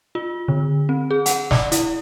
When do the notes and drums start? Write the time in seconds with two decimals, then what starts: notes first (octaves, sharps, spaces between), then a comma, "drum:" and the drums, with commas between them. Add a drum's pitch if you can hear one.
0.15 F4
0.48 D3
0.89 C4
1.11 G#4
1.26 F#5, drum: hi-hat
1.51 D5, drum: snare
1.72 E4, drum: hi-hat